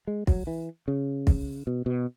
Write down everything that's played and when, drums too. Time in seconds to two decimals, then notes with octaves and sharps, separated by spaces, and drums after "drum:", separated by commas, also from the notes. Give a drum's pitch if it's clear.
0.07 G#3
0.27 F#3, drum: kick
0.47 E3
0.88 C#3
1.27 drum: kick
1.67 B2
1.86 B2